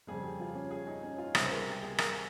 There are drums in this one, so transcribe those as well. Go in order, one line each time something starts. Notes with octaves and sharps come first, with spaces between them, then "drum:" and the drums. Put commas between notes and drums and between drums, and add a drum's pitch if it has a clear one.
F2 C#3 G3 G#4
G4
F4
C#4
G#4
D#4
C#4
F4
C#2 C3 G3 G#4, drum: rim click
C5
A#4
G4
G#4
A#4, drum: rim click